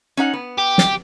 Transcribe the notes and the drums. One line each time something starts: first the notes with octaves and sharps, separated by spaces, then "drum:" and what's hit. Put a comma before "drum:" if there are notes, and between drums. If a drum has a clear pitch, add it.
C#4 D#4 F#5
B3
G4
drum: snare